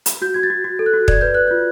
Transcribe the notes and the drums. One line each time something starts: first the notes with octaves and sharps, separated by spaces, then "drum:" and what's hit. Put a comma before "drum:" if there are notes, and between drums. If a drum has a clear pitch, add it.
drum: hi-hat
F#4 G6
F#4 G#6
A6
F#4
F#4
A4
F#6
F#4
D5 G#6, drum: kick
B4 G6
B4 F#6
F4 G6